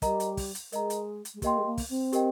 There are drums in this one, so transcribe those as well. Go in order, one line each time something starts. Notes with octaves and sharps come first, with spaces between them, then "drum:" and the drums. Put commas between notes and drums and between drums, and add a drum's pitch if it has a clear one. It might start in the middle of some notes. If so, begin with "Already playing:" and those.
G3 A#4 D#5 A#5, drum: kick, hi-hat
drum: hi-hat
drum: kick, open hi-hat
drum: hi-hat
G#3 A#4 D#5 A#5, drum: hi-hat
drum: hi-hat
drum: hi-hat
G#3
A#3 G4 A#4 D#5 G5 C6, drum: kick, hi-hat
G#3
A#3
drum: kick, open hi-hat
C4
G4 A#4 D#5 G5, drum: hi-hat